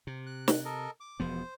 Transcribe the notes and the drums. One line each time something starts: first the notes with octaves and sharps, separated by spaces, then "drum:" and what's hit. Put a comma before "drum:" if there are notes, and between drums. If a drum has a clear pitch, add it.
C3
F#6
drum: snare
A4 A#4 D#5
D6
E1 F3 B3 C5